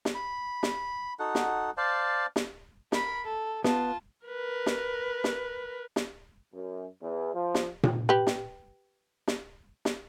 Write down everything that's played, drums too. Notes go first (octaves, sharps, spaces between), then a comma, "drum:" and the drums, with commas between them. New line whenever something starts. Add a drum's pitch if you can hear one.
drum: snare
B5
drum: snare
D#4 F#4 A4 F#5
drum: snare
C5 D5 F5 A5
drum: snare
A#4 B5, drum: snare
A4
B3 F4 A5, drum: snare
A#4 B4
drum: snare
drum: snare
drum: snare
F#2
E2
F3
drum: snare
drum: tom A#2
G4 B4
drum: snare
drum: snare
drum: snare